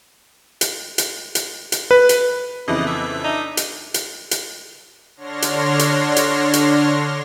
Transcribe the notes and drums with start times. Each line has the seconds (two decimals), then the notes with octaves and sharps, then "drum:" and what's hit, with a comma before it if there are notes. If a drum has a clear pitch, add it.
0.61 drum: hi-hat
0.98 drum: hi-hat
1.35 drum: hi-hat
1.72 drum: hi-hat
1.91 B4
2.09 drum: hi-hat
2.68 F2 C#3 E3 B3 E4 D#5 D6
2.87 E5
3.24 D4 D#4
3.57 drum: hi-hat
3.94 drum: hi-hat
4.31 drum: hi-hat
5.17 D3 D4 C#5 C6 F6 A#6
5.42 drum: hi-hat
5.79 drum: hi-hat
6.16 drum: hi-hat
6.53 drum: hi-hat